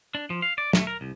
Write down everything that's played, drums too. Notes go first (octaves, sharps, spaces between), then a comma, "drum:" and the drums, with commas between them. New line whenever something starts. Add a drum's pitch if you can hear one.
D4
F3
F5
D5
A3, drum: snare
A#4
C2